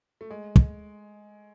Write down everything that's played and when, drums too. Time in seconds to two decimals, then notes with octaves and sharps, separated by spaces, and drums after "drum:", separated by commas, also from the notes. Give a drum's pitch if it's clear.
0.21 A3
0.30 G#3
0.56 drum: kick